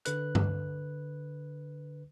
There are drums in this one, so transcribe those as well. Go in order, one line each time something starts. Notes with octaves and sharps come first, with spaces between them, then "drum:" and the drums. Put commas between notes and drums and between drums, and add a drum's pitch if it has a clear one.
D3 B4 F#6, drum: hi-hat
drum: tom G2